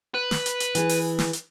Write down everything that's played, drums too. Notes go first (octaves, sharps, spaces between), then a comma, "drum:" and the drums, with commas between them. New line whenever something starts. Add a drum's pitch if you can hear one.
B4
drum: snare
drum: hi-hat
drum: hi-hat
E3 G#4, drum: hi-hat
drum: open hi-hat
drum: snare
drum: hi-hat